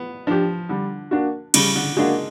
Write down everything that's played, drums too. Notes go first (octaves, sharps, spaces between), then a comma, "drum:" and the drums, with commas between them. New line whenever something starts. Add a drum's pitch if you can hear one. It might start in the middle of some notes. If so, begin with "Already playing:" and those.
Already playing: B3
F3 D4 G4
D3 G3
A#3 D4 F#4
C#3 G3, drum: cymbal
D3
G#3 A#3 D4 F#4